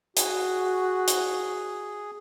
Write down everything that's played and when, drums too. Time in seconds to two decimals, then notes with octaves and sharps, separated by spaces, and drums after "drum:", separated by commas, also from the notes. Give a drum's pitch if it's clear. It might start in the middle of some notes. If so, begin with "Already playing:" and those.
0.17 F#4 G#4, drum: hi-hat
1.08 drum: hi-hat